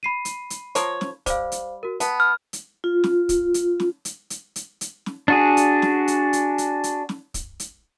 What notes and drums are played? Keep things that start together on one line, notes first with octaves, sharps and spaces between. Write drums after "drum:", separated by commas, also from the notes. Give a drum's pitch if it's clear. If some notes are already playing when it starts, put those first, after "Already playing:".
B5 C7 D#7
drum: hi-hat
drum: hi-hat
F3 A#4 C#5, drum: hi-hat
drum: snare
G3 C5 F5, drum: kick, hi-hat
drum: hi-hat
F#4 A#4
B3 A5, drum: hi-hat
F6
drum: hi-hat
F4
drum: snare
drum: kick, hi-hat
drum: hi-hat
drum: snare
drum: hi-hat
drum: hi-hat
drum: hi-hat
drum: hi-hat
drum: snare
D4 F#4 G#4
drum: hi-hat
drum: snare
drum: hi-hat
drum: hi-hat
drum: hi-hat
drum: hi-hat
drum: snare
drum: kick, hi-hat
drum: hi-hat